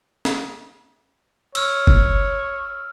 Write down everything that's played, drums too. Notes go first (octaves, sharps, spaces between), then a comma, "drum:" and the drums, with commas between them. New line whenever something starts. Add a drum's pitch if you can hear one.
drum: snare
C#5 E6 F6, drum: cymbal
drum: kick F#1